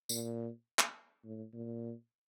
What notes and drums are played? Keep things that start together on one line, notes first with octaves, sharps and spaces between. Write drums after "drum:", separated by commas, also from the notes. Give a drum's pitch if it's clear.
A#2, drum: tambourine
drum: clap
A2
A#2